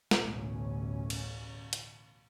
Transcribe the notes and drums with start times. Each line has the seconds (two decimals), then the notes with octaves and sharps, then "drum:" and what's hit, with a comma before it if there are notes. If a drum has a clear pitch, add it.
0.11 A1 D2 B2 C#4, drum: snare
1.10 drum: cymbal
1.73 drum: hi-hat